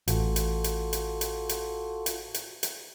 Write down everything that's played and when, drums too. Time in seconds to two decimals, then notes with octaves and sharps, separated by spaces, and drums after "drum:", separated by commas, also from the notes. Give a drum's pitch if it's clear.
0.08 A1 F4 F#4 A4, drum: hi-hat
0.36 drum: hi-hat
0.64 drum: hi-hat
0.93 drum: hi-hat
1.21 drum: hi-hat
1.49 drum: hi-hat
2.06 drum: hi-hat
2.34 drum: hi-hat
2.63 drum: hi-hat